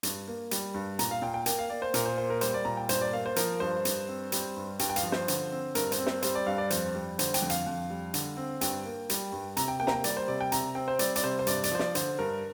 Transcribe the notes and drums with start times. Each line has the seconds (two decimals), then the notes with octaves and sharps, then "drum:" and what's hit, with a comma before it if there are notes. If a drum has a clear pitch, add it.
0.03 G2, drum: hi-hat
0.28 A#3
0.51 G3, drum: hi-hat
0.74 G2
0.99 A#2 A#5, drum: hi-hat
1.11 F5
1.22 A#2 G5
1.34 G5
1.46 A#3 G5, drum: hi-hat
1.59 F5
1.70 A#3 D5
1.82 C5
1.94 A#2 A#4, drum: hi-hat
2.06 C5
2.17 A#3 C5
2.30 A#4
2.41 G3 C5, drum: hi-hat
2.54 D5
2.65 A#2 A#5
2.77 G5
2.89 G2 C5, drum: hi-hat
3.01 D5
3.13 A#3 F5
3.26 C5
3.36 F3 A#4, drum: hi-hat
3.60 G2 C5
3.85 G2, drum: hi-hat
4.08 C4
4.32 G3, drum: hi-hat
4.57 G2
4.79 G2 G5, drum: hi-hat
4.90 G5
4.96 F5, drum: hi-hat
5.03 F3
5.12 C5, drum: snare
5.28 D3, drum: hi-hat
5.52 C4
5.75 G2 A#4, drum: hi-hat
5.92 C5, drum: hi-hat
5.99 C4
6.07 C5, drum: snare
6.22 G3 C5, drum: hi-hat
6.35 D5
6.46 G2 F5
6.58 D5
6.70 F2 C5, drum: hi-hat
6.94 G3
7.19 D3 C5, drum: hi-hat
7.34 G5, drum: hi-hat
7.42 F2
7.50 F5, drum: hi-hat
7.67 F2
7.90 G3
8.14 D3, drum: hi-hat
8.37 C4
8.61 G2 G5, drum: hi-hat
8.86 A#3
9.09 G3, drum: hi-hat
9.32 G2
9.57 C3 A#5, drum: hi-hat
9.68 G5
9.80 A#3 G5
9.87 A#5, drum: snare
9.92 G5
10.04 G3 D5, drum: hi-hat
10.17 C5
10.27 C3 D5
10.41 G5
10.52 C3 A#5, drum: hi-hat
10.75 C4 G5
10.88 C5
10.99 G3 D5, drum: hi-hat
11.16 D5, drum: hi-hat
11.24 C3 C5
11.39 C5
11.47 G2 D5, drum: hi-hat
11.64 D5, drum: hi-hat
11.71 F3 C5
11.79 D5, drum: snare
11.95 D3 C5, drum: hi-hat
12.19 G2 A#4